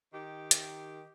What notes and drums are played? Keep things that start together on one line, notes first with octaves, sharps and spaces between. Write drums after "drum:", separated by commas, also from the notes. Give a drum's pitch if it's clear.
D#3 G4
drum: hi-hat